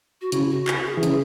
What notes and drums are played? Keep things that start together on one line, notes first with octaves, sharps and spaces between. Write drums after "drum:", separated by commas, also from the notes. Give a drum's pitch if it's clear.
F#4
C#3 E4, drum: hi-hat
F#4
F#4, drum: clap
G#4
E3
C#3, drum: hi-hat